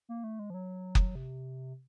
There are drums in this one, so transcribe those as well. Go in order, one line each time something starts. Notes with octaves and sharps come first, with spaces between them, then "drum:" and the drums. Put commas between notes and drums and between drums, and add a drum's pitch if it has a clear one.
A#3
A3
G#3
F3
F#3
drum: kick F#1
C3